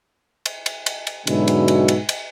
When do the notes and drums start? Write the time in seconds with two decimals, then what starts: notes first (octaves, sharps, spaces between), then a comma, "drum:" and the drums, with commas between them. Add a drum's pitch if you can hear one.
0.46 drum: cymbal
0.66 drum: cymbal
0.86 drum: cymbal
1.07 drum: cymbal
1.27 G#2 B2 D3 F#3 G#3 E4, drum: cymbal
1.48 drum: cymbal
1.68 drum: cymbal
1.88 drum: cymbal
2.09 drum: cymbal